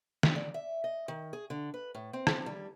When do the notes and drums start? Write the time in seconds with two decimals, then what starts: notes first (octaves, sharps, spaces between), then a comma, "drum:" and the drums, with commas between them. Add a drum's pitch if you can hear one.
0.23 G#3, drum: snare
0.36 D5
0.54 E5
0.84 D#5
1.08 D#3
1.33 G#4
1.50 D3
1.74 B4
1.95 A2
2.13 C4
2.27 drum: rim click
2.46 G3